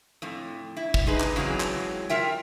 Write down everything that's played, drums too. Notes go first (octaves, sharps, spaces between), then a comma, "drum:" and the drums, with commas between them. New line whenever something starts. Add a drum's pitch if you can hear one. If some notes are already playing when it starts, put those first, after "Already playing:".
F2 A2
E4
drum: kick
G#3 D#4 G#4 B4
drum: clap
C#3 E3 F#3 G#3 C4
drum: clap
F4 A#4 E5 G5